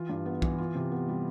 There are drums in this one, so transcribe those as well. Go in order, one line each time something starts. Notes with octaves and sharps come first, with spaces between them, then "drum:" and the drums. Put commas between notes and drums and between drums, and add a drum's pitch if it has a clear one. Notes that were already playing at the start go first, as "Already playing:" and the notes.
Already playing: E3 F4
G2
B3
E3, drum: kick
F4
C3
B3
G3